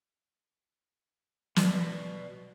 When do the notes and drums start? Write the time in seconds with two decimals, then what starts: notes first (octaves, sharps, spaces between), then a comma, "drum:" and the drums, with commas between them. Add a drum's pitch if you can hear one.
1.56 B2 B3 D5, drum: snare